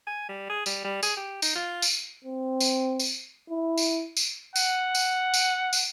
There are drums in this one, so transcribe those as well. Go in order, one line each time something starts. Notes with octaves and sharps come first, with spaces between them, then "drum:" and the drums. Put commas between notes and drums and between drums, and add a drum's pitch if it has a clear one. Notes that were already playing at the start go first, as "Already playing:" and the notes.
G#5
G3
G#4
G3, drum: tambourine
G3
G#4, drum: tambourine
G4
D#4, drum: tambourine
F4
drum: tambourine
C4
drum: tambourine
drum: tambourine
E4
drum: tambourine
drum: tambourine
F#5, drum: tambourine
drum: tambourine
drum: tambourine
drum: tambourine